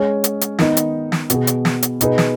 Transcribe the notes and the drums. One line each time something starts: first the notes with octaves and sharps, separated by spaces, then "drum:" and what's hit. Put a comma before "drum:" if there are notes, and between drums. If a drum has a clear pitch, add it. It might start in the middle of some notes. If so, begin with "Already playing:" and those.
Already playing: G#3 C#4 G#4 C#5
drum: hi-hat
drum: hi-hat
D#3 B3 D#4, drum: snare
drum: hi-hat
drum: snare
B2 B3 G#4, drum: hi-hat
drum: hi-hat
drum: snare
drum: hi-hat
B2 B3 D#4 G#4 B4, drum: hi-hat
drum: snare